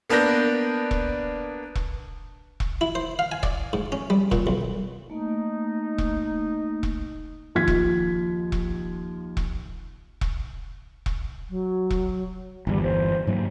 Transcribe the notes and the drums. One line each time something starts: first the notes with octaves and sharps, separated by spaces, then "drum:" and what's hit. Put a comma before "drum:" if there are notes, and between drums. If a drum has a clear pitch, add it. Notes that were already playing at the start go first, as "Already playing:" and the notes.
A#3 B3 D4 A#4 G6 A#6
drum: kick E1
drum: kick E1
drum: kick E1
E4
C5
F5
G#5
D5, drum: kick E1
G#2
C#4
G3
A#2, drum: kick E1
B1
A3 A#3 D#4
drum: kick E1
drum: kick E1
D#2 F3 F4 G#6 B6
drum: kick E1
drum: kick E1
drum: kick E1
drum: kick E1
drum: kick E1
F#3
drum: kick E1
G1 E2 G3
C5
G#2 F#3 A#3